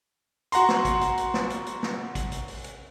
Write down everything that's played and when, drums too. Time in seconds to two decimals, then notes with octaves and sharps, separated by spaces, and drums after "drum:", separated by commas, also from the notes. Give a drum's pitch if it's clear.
0.52 F#4 F#5 A#5 C6, drum: hi-hat
0.69 drum: snare
0.85 drum: kick, hi-hat
1.01 drum: hi-hat
1.18 drum: hi-hat
1.34 drum: snare
1.50 drum: hi-hat
1.66 drum: hi-hat
1.83 drum: snare
2.15 drum: kick, hi-hat
2.32 drum: hi-hat
2.48 drum: open hi-hat
2.64 drum: hi-hat